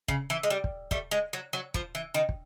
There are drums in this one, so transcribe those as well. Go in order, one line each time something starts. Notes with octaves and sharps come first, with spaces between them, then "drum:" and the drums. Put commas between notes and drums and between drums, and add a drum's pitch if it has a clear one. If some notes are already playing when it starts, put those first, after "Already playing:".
C#3, drum: kick
E3
G#3
G3
drum: kick
G3 A3, drum: kick
G#3
F#3
F#3
F3, drum: kick
E3
D#3
drum: kick